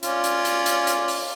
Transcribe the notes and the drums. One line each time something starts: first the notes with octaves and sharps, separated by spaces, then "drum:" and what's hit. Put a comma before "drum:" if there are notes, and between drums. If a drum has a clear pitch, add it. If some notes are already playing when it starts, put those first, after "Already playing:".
C#4 F4 D5, drum: hi-hat
drum: hi-hat
drum: hi-hat
drum: hi-hat
drum: hi-hat
drum: open hi-hat